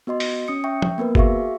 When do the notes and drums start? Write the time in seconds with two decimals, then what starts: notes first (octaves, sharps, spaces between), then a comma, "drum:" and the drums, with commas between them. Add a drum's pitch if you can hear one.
0.07 B3 F#4 D#5 C6
0.20 drum: open hi-hat
0.48 C#4 D#6 C#7
0.64 E5 G5 C#6
0.82 drum: tom
0.98 A#3 B3 A#4 B4
1.15 F#4 G#4 E5 F5 C#6, drum: kick